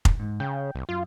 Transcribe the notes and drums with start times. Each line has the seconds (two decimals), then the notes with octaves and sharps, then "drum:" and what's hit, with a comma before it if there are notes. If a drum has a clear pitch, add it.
0.05 drum: kick
0.20 G#2
0.40 C#3 G5
0.75 C2
0.89 F#2 F4